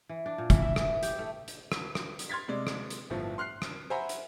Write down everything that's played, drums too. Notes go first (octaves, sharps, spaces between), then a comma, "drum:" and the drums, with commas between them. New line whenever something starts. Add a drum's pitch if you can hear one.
E3
D4
A#2
E3, drum: kick, hi-hat
E5
E3, drum: rim click
G4, drum: hi-hat
A3
drum: hi-hat
drum: rim click
drum: rim click
drum: hi-hat
C6 F6 G#6 A6 B6
C3 G#3 D5
drum: rim click
drum: hi-hat
G1 A2 F3
C6 F6 F#6 C7
drum: rim click
C5 E5 F#5 G#5 A#5 B5
drum: hi-hat